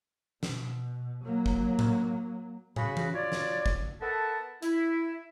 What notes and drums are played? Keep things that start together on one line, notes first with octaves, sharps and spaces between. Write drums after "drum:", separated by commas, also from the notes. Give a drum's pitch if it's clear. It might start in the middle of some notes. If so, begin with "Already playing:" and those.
B2, drum: snare
F#3 A#3
drum: kick
drum: tom A2
C#3 F#4 B5, drum: tom
drum: tom E3
F4 F#4 C#5 D5
drum: snare
drum: kick
B3 A4 A#4 E5 F#5 A5
E4, drum: hi-hat